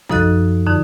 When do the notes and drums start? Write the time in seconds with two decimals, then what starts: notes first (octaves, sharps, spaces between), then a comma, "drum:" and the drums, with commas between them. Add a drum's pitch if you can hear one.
0.09 F#2 F3 D#4 A4 D#5 F#6, drum: kick
0.67 F2 D3 D#4